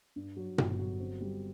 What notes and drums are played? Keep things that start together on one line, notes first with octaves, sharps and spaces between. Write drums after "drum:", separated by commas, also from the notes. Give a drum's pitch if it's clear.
G2
F#3
G1, drum: tom A#2
F#3
C4
G3